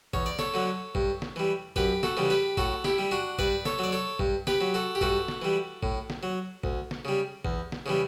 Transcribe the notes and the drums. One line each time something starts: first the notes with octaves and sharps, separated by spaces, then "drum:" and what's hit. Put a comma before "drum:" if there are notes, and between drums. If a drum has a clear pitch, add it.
E2 C#5, drum: kick A1
D5
A4 C#5, drum: snare
D3 F#3
G2, drum: kick A1
drum: snare
E3 G3
F#2 G4 B4, drum: kick A1
F#4 A4, drum: snare
C#3 E3 G3
G4 B4
A2 F#4 A4, drum: kick A1
E4 G4, drum: snare
G3
D4 F#4
G2 B4 D5, drum: kick A1
A4 C#5, drum: snare
F#3 D5
A4 C#5
G2, drum: kick A1
G4 B4, drum: snare
F#3
F#4 A4
G4
G2 F#4 A4, drum: kick A1
drum: snare
E3 G3
A2, drum: kick A1
drum: snare
F#3
D2, drum: kick A1
drum: snare
C#3 G3
E2, drum: kick A1
drum: snare
C#3 E3 G3